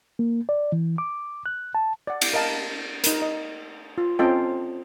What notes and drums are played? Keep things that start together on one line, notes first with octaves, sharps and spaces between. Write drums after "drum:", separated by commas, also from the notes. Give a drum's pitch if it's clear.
A#3
D5
E3
D6
F#6
A5
D5 F#5
drum: cymbal
A#4 D#5 F5 A5
D#4 A#4, drum: hi-hat
D#5
F4
C4 C#4 F4 A4 D#5 G5